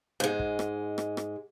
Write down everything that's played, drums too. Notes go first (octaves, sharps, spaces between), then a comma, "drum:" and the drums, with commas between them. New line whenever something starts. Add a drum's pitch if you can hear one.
G#2 G#3
drum: kick
drum: rim click
drum: rim click
drum: rim click